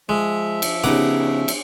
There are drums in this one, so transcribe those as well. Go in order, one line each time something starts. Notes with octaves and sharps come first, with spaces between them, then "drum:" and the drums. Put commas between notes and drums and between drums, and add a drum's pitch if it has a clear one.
F3 G#3 E5
drum: cymbal
C#3 B3 D#4 G4 F#5 A#5 D6
drum: cymbal